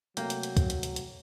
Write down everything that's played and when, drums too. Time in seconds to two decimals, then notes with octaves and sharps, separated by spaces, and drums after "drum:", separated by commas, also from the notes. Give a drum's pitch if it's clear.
0.17 C3 F#3 A3 A#3 G5, drum: hi-hat
0.30 drum: hi-hat
0.43 drum: hi-hat
0.57 drum: kick, hi-hat
0.70 drum: hi-hat
0.83 drum: hi-hat
0.96 drum: hi-hat